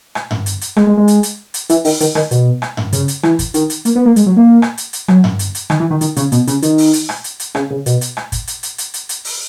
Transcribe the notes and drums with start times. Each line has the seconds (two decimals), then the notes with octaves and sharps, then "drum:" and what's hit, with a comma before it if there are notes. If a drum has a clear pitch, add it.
0.15 drum: rim click
0.31 drum: tom G2
0.46 drum: hi-hat
0.61 drum: hi-hat
0.76 G#3, drum: rim click
0.87 G#3
0.97 G#3
1.08 drum: hi-hat
1.23 drum: hi-hat
1.54 drum: hi-hat
1.69 E3, drum: hi-hat
1.85 D#3, drum: open hi-hat
2.00 D#3, drum: hi-hat
2.15 D#3, drum: rim click
2.31 B2, drum: hi-hat
2.62 drum: rim click
2.77 drum: tom G2
2.93 C#3, drum: hi-hat
3.08 drum: hi-hat
3.23 E3, drum: rim click
3.39 drum: kick, hi-hat
3.54 D#3, drum: hi-hat
3.70 drum: hi-hat
3.85 A#3, drum: hi-hat
3.95 B3
4.05 A#3
4.16 G#3, drum: hi-hat
4.26 F#3
4.37 A#3
4.62 drum: rim click
4.78 drum: hi-hat
4.93 drum: hi-hat
5.08 F#3, drum: rim click
5.24 drum: tom G2
5.39 drum: hi-hat
5.55 drum: hi-hat
5.70 D#3, drum: rim click
5.80 E3
5.90 D#3
6.01 D#3, drum: hi-hat
6.16 C#3, drum: hi-hat
6.32 B2, drum: hi-hat
6.47 C#3, drum: hi-hat
6.62 D#3, drum: hi-hat
6.78 drum: open hi-hat
6.93 drum: hi-hat
7.09 drum: rim click
7.24 drum: hi-hat
7.40 drum: hi-hat
7.55 C#3, drum: rim click
7.70 C#3
7.86 B2, drum: hi-hat
8.01 drum: hi-hat
8.17 drum: rim click
8.32 drum: kick, hi-hat
8.47 drum: hi-hat
8.63 drum: hi-hat
8.78 drum: hi-hat
8.94 drum: hi-hat
9.09 drum: hi-hat
9.25 drum: open hi-hat